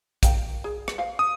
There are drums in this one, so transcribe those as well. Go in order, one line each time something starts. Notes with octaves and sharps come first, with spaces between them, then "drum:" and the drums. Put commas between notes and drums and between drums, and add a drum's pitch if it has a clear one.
A#4 F5 G5, drum: kick A#1, hi-hat
G#4
drum: rim click
C5 F5
D#6